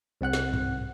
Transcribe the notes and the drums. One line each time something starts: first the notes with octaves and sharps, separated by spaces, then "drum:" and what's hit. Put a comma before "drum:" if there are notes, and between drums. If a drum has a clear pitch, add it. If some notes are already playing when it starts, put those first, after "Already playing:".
C2 C4 F#5 F#6
drum: snare
drum: tom G2